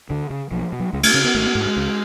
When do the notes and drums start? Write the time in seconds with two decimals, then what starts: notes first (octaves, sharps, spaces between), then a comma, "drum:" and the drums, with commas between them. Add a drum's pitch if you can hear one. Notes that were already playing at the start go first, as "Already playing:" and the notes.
0.10 D2 D3
0.30 C#3
0.51 B1 F3
0.72 B2
0.80 F#3
0.93 C#2 G#3
1.03 A3, drum: cymbal
1.14 C#3 C#4
1.24 B3
1.35 G#1 A3
1.45 B3
1.55 G#2 A3
1.66 G#3
1.76 C#2